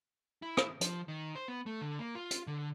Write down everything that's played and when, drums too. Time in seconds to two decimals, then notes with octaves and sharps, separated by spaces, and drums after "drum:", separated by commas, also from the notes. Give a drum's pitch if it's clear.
0.42 E4
0.57 drum: rim click
0.81 F3, drum: hi-hat
1.08 D#3
1.35 C5
1.48 B3
1.66 A3
1.81 D3
1.99 A#3
2.15 F4
2.31 drum: hi-hat
2.47 D3